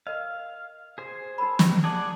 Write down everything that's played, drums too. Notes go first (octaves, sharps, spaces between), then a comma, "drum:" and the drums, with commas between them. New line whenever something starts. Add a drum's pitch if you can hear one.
A#4 D#5 F5
G#4 C5
D#4 A#4 B5
G4, drum: snare
G#4 D5 F#5 A5